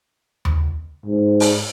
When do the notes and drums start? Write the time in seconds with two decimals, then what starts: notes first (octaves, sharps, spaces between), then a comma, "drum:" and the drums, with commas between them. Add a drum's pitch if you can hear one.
0.45 drum: tom D#2
1.06 G#2
1.40 drum: open hi-hat